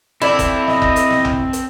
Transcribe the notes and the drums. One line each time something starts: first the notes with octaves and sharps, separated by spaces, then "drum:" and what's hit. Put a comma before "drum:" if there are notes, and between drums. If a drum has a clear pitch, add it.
C4 E4 A4 D5 B5
drum: kick F#1, hi-hat
D#5, drum: snare
drum: kick F#1
drum: hi-hat
drum: snare
drum: tom A#1
drum: hi-hat